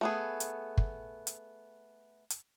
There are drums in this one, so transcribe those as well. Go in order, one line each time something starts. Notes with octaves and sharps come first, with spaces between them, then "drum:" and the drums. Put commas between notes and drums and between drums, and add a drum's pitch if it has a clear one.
A3 B3 G#4
drum: hi-hat
drum: kick
drum: hi-hat
drum: hi-hat